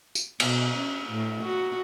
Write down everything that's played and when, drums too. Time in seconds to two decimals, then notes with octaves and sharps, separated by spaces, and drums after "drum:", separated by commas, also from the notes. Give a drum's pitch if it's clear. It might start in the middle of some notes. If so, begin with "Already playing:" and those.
0.15 drum: tambourine
0.40 B2, drum: cymbal
0.78 C#4
1.10 A2
1.42 F#4